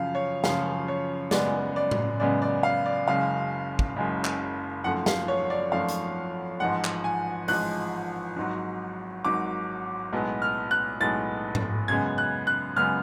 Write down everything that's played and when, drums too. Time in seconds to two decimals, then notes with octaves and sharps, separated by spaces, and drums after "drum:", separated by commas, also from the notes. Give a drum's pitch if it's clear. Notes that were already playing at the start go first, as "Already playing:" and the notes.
Already playing: F#2 C#3 F3 F5
0.15 C#5
0.44 F#2 C#3 F3 F5, drum: snare
0.88 C#5
1.31 F#2 C#3 G#3 B3 D5, drum: snare
1.76 D5
1.91 drum: tom A2
2.20 F#2 C#3 G#3 B3 D5
2.42 D5
2.63 F5
2.86 D5
3.07 F#1 F#2 C#3 G#3 F5
3.79 drum: kick
3.96 F#1 F#2 C#3 G#3
4.25 drum: clap
4.84 G#1 F#2 F3 A3 F#5
5.06 F5, drum: snare
5.28 C#5
5.50 D5
5.72 G#1 F#2 F3 A3 F5
5.88 drum: hi-hat
6.60 A1 G#2 F3 G#3 F#5
6.84 drum: clap
7.04 G#5
7.48 A1 G#2 F3 G#3 F#6, drum: open hi-hat
8.36 G#1 G#2 F#3
9.25 G#1 G#2 F#3 D6
10.12 B1 A2 G#3 B3
10.42 F6
10.71 F#6
11.00 B1 A2 G#3 B3 A6
11.55 drum: tom G#2
11.88 F#2 C#3 G#3 B3 G#6
12.18 F#6
12.47 F#6
12.76 F#2 C#3 G#3 B3 F6